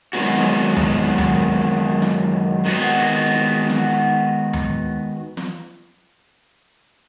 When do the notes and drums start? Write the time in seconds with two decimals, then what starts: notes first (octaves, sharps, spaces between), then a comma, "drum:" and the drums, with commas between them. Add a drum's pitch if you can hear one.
0.13 F#2 D#3 G#3 B3 F#4
0.34 drum: snare
0.76 drum: tom D2
1.18 drum: tom D2
2.02 drum: snare
2.65 D#3 G#3 B3 F#4
3.70 drum: snare
4.53 drum: tom D2
5.37 drum: snare